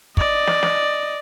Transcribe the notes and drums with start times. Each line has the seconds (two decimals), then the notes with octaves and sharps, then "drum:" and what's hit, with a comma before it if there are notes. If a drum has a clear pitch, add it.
0.17 D5 D#5, drum: kick
0.47 drum: snare
0.63 drum: snare